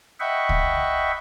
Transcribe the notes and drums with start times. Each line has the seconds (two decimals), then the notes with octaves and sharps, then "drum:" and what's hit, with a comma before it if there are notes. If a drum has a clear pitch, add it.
0.20 D#5 E5 F#5 G5 B5 C#6
0.49 drum: kick C2